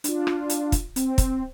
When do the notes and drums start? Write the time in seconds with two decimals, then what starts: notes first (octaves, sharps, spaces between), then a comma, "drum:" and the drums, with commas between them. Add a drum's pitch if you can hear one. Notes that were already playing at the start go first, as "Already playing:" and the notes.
0.04 D4 F4, drum: hi-hat
0.27 drum: rim click
0.50 drum: hi-hat
0.72 drum: kick, hi-hat
0.96 C4, drum: hi-hat
1.18 drum: kick, hi-hat